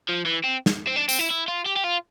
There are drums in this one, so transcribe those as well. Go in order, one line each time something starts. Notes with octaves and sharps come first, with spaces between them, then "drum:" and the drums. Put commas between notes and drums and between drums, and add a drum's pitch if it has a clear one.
F3
E3
C4
drum: snare
C4
D4
C4, drum: tambourine
E4
E4
F4
G4
G4
F4